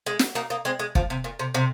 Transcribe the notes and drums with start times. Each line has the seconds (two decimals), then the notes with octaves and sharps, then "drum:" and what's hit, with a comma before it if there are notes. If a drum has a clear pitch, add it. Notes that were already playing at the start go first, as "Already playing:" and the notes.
0.06 G#3
0.19 drum: snare
0.35 A#3 D#4
0.50 A#3 D#4
0.65 G#3 C4
0.79 G#3
0.95 F3, drum: kick
1.10 C3
1.24 A#2
1.39 C3
1.54 C3